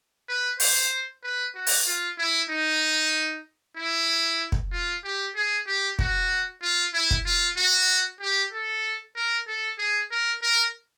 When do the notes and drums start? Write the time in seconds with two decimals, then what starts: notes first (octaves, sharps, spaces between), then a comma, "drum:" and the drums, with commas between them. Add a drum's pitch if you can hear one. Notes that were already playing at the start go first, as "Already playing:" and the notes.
0.28 B4
0.60 C5, drum: open hi-hat
1.23 B4
1.55 F#4
1.67 drum: open hi-hat
1.86 F4
2.18 E4
2.50 D#4
3.77 E4
4.52 drum: kick
4.72 F4
5.04 G4
5.35 G#4
5.67 G4
5.99 F#4, drum: kick
6.62 F4
6.93 E4
7.11 drum: kick
7.26 F4
7.57 F#4
8.21 G4
8.52 A4
9.16 A#4
9.47 A4
9.78 G#4
10.11 A#4
10.42 A#4